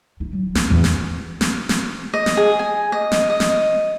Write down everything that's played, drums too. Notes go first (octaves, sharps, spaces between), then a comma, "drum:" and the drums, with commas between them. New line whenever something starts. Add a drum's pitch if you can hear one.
E4
F#3
D4, drum: snare
E2
drum: snare
drum: snare
drum: snare
D#5
drum: snare
G#4
G#5
D#5
drum: snare
D#5
drum: snare